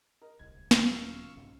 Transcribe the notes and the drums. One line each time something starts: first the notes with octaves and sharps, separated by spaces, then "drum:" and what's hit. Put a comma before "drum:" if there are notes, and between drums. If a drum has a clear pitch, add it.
A#4 D#5 A#5
D1 C2 G#6
D#1 F#3 F5 C#6 E6, drum: snare
C#3 F4
C2 G#2 C3